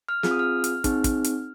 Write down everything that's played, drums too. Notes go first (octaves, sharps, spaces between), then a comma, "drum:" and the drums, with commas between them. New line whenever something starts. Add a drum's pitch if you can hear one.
F6
C4 F4 G#4 F6, drum: snare
D#6
F6
drum: hi-hat
C4 D#4 G#4, drum: kick, hi-hat
drum: kick, hi-hat
drum: hi-hat